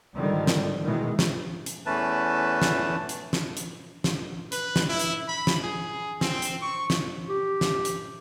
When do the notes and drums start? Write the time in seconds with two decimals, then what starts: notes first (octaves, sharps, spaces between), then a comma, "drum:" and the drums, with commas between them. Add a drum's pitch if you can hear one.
0.15 G#2 D3 D#3 F3 G3
0.47 drum: snare
0.83 B2 D#3 E3 G#3
1.19 drum: snare
1.66 drum: hi-hat
1.86 E2 E3 A3 C#4 B4 A5
2.62 drum: snare
3.09 drum: hi-hat
3.33 drum: snare
3.57 drum: hi-hat
4.04 drum: snare
4.52 B4, drum: hi-hat
4.76 drum: snare
4.89 E4
4.99 drum: hi-hat
5.28 B5
5.47 drum: snare
5.63 G#4
6.21 C4, drum: snare
6.42 drum: hi-hat
6.62 C#6
6.90 drum: snare
7.29 G4
7.61 drum: snare
7.85 drum: hi-hat